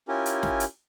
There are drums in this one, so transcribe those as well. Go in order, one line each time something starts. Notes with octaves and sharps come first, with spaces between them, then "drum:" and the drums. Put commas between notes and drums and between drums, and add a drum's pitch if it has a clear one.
C#4 E4 F4 G4 A#4 G#5
drum: hi-hat
drum: snare
drum: hi-hat